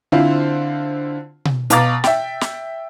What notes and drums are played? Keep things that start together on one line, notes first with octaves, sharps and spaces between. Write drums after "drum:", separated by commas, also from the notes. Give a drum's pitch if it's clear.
D3 C4 E4 F4 C5
drum: tom B2
B2 F5 A#5 D6 A6, drum: hi-hat
E5 G5, drum: snare
drum: snare